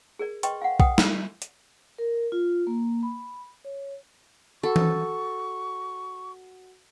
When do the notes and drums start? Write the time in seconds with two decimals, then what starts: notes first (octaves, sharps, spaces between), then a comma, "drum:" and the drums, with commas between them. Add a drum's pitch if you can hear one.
0.19 G#4 A#4 D5
0.43 B4 D#5 G5 C6 C#6, drum: hi-hat
0.62 F5 F#5
0.80 B4 F#5 G5 D#6, drum: kick
0.98 drum: snare
1.42 drum: hi-hat
1.98 A#4
2.32 F4
2.67 A#3
3.03 B5
3.65 C#5
4.63 F#4 A4 F#5 C#6
4.76 drum: tom E3